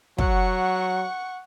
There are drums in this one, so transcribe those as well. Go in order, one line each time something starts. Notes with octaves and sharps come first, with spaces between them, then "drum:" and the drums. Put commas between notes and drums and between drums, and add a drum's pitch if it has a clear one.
F#3 F#5 C#6, drum: kick